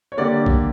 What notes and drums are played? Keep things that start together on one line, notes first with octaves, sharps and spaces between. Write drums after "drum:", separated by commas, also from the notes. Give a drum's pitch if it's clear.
C#5
D3 G3 A#3 D5
drum: kick B1